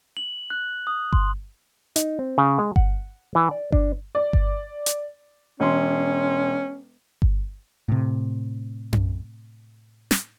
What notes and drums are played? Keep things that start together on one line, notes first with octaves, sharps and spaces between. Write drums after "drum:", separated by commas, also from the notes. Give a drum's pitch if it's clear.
F#7
F#6
D#6
C6, drum: kick G1
D#4, drum: hi-hat
C4
C#3
G#3
F#5, drum: kick G1
E3
D5
D4, drum: kick G1
D5
drum: kick G1
drum: hi-hat
E1 C#4 C6
drum: kick G1
A2 C3
drum: tom F#2
drum: snare